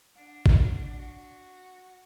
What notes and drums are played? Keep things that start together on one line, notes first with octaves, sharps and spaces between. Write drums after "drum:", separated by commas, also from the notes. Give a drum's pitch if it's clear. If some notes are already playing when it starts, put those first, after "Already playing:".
D4 F#5
drum: kick
F#4